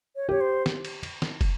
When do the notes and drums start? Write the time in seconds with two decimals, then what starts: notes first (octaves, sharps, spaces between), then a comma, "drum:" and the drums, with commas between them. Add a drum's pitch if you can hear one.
0.16 C#5
0.29 G4 C#5
0.41 C5
0.66 drum: snare
0.85 drum: cymbal
1.03 drum: cymbal
1.22 drum: snare
1.41 drum: kick, cymbal